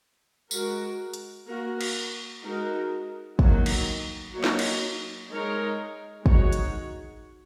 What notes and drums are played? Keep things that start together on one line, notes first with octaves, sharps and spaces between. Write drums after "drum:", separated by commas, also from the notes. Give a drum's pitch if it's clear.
G#3 F#4 A#4, drum: tambourine
drum: hi-hat
A#3 F#4 A#4
drum: cymbal
G#3 D#4 F#4 A#4
D#3 F#3 A#3, drum: kick
drum: cymbal
F#3 A#3 D#4 F#4 C#5
drum: snare
drum: cymbal
G#3 D#4 A#4 C#5
D#3 G#3 D#4 F#4 C#5, drum: kick
drum: hi-hat